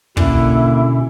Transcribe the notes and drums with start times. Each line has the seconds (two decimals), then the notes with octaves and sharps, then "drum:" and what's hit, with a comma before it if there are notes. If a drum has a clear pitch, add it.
0.17 B2 D3 A#3 C#4 E4, drum: kick